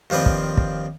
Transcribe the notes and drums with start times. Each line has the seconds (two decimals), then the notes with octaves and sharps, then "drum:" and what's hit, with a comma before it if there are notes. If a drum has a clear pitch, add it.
0.10 D#2 F3 C4 D4 B4
0.26 drum: kick
0.57 drum: kick